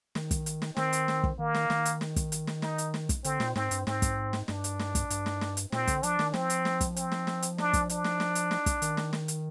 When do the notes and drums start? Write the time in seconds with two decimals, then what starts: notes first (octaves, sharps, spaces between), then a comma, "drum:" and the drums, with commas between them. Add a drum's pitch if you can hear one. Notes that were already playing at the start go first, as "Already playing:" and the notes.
0.15 D#3, drum: snare
0.31 drum: kick, hi-hat
0.46 drum: hi-hat
0.62 drum: snare
0.77 D#3 C4, drum: snare
0.93 drum: hi-hat
1.08 drum: snare
1.24 drum: kick
1.39 D#3 A#3
1.54 drum: snare
1.70 D#3, drum: snare
1.85 drum: hi-hat
2.01 drum: snare
2.16 drum: kick, hi-hat
2.32 drum: hi-hat
2.47 drum: snare
2.62 D#4, drum: snare
2.78 drum: hi-hat
2.94 drum: snare
3.09 drum: kick, hi-hat
3.24 D3 C4, drum: hi-hat
3.40 A#2, drum: snare
3.56 G#2 C4, drum: snare
3.71 G2, drum: hi-hat
3.87 G#2 C4, drum: snare
4.02 drum: kick, hi-hat
4.33 drum: snare
4.48 G2 D4, drum: snare
4.64 drum: hi-hat
4.79 drum: snare
4.95 drum: kick, hi-hat
5.10 G2, drum: hi-hat
5.26 drum: snare
5.41 drum: snare
5.57 drum: hi-hat
5.72 A#2 C4, drum: snare
5.87 D3, drum: kick, hi-hat
6.03 F3 D4, drum: hi-hat
6.19 D#3, drum: snare
6.34 F3 C4, drum: snare
6.50 drum: hi-hat
6.65 drum: snare
6.81 drum: kick, hi-hat
6.96 C4, drum: hi-hat
7.12 drum: snare
7.27 drum: snare
7.42 drum: hi-hat
7.58 D4, drum: snare
7.73 drum: kick, hi-hat
7.89 D4, drum: hi-hat
8.04 drum: snare
8.20 drum: snare
8.35 drum: hi-hat
8.51 drum: snare
8.66 drum: kick, hi-hat
8.82 D#3, drum: hi-hat
8.97 drum: snare
9.13 drum: snare
9.28 drum: hi-hat